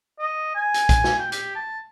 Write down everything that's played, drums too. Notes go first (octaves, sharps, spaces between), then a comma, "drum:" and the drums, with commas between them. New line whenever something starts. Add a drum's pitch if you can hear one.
D#5
G#5
drum: hi-hat
drum: kick, hi-hat
drum: snare
G5
G4, drum: hi-hat
A5